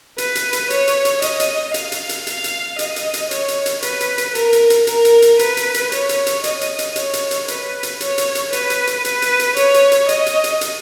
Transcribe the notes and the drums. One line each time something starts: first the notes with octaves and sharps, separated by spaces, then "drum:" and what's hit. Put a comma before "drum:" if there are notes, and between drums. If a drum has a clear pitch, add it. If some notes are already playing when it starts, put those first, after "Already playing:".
B4, drum: hi-hat
drum: hi-hat
drum: hi-hat
C#5, drum: hi-hat
drum: hi-hat
drum: hi-hat
D#5, drum: hi-hat
drum: hi-hat
F5, drum: hi-hat
drum: hi-hat
drum: hi-hat
F5, drum: hi-hat
drum: hi-hat
D#5, drum: hi-hat
drum: hi-hat
drum: hi-hat
C#5, drum: hi-hat
drum: hi-hat
drum: hi-hat
B4, drum: hi-hat
drum: hi-hat
drum: hi-hat
A#4, drum: hi-hat
drum: hi-hat
drum: hi-hat
A#4, drum: hi-hat
drum: hi-hat
drum: hi-hat
B4, drum: hi-hat
drum: hi-hat
drum: hi-hat
C#5, drum: hi-hat
drum: hi-hat
drum: hi-hat
D#5, drum: hi-hat
drum: hi-hat
drum: hi-hat
C#5, drum: hi-hat
drum: hi-hat
drum: hi-hat
B4, drum: hi-hat
drum: hi-hat
C#5, drum: hi-hat
drum: hi-hat
drum: hi-hat
B4, drum: hi-hat
drum: hi-hat
drum: hi-hat
B4, drum: hi-hat
drum: hi-hat
drum: hi-hat
C#5, drum: hi-hat
drum: hi-hat
drum: hi-hat
D#5, drum: hi-hat
drum: hi-hat
drum: hi-hat
drum: hi-hat